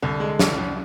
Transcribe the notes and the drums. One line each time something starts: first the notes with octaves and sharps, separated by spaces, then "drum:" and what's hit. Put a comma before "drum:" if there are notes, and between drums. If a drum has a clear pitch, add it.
C2 D3
G#3
C2, drum: snare
C2